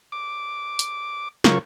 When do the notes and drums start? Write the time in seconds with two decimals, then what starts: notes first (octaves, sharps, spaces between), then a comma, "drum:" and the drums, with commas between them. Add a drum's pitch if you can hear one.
0.12 D6
0.79 drum: hi-hat
1.44 C#3 F#3 F4 A#4 C#6, drum: snare